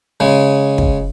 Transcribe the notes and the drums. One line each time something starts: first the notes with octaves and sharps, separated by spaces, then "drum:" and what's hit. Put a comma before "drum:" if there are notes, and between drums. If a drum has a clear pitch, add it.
C#3 G#3
drum: kick